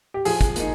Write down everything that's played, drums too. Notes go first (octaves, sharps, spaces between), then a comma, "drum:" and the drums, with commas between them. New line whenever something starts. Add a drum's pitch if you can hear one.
G4
F3 G#4, drum: open hi-hat
drum: kick, hi-hat
A#3 D#4, drum: hi-hat